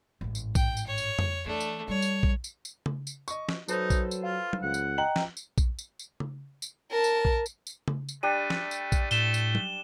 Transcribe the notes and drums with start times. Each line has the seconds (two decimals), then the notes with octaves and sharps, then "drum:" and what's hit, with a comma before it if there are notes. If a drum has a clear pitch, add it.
0.21 A1 G#2
0.35 drum: tambourine
0.55 G5, drum: kick A#1, tambourine
0.77 drum: tambourine
0.87 C#5
0.98 drum: tambourine
1.19 drum: tom F2
1.46 E3 A3 D4
1.60 drum: tambourine
1.88 G3 C#5
2.02 drum: tambourine
2.23 drum: kick A#1
2.44 drum: tambourine
2.65 drum: tambourine
2.86 drum: tom C#3
3.07 drum: tambourine
3.28 D#5 C#6, drum: tambourine
3.49 drum: snare
3.68 F#3 D#4 A4 B4 C5, drum: tambourine
3.90 drum: kick A#1, tambourine
4.11 drum: tambourine
4.24 F4 F5
4.53 drum: tom F#3
4.62 C#2 F#5
4.74 drum: tambourine
4.98 D#5 G5 A#5 F#7
5.16 drum: snare
5.37 drum: tambourine
5.58 drum: kick A#1, tambourine
5.79 drum: tambourine
5.99 drum: tambourine
6.20 drum: tom C#3
6.62 drum: tambourine
6.91 A#4 A5
7.04 drum: tambourine
7.25 drum: kick A#1
7.46 drum: tambourine
7.67 drum: tambourine
7.88 drum: tom C#3
8.08 drum: tambourine
8.23 G3 A3 D4 G5 D#7
8.50 drum: snare
8.71 drum: tambourine
8.92 drum: kick A#1, tambourine
9.11 A2 A3 E7 G7, drum: tambourine
9.34 drum: tambourine
9.55 drum: tom F#3